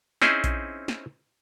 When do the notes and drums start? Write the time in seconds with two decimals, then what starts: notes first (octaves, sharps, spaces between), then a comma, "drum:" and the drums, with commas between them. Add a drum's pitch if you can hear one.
0.22 C4 C#4 D#4 E4 G#4 C5, drum: snare
0.44 drum: kick A#1, hi-hat
0.88 drum: snare